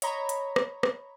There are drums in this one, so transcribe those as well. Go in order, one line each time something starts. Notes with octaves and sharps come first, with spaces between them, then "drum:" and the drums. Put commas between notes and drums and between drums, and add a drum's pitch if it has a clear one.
C#5 D#5 A#5 B5, drum: hi-hat
drum: hi-hat
drum: rim click
drum: rim click